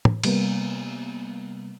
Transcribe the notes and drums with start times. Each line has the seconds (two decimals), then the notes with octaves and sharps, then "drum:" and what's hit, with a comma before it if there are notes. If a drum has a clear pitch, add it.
0.05 drum: tom
0.24 C3 G3 A#3 B3, drum: cymbal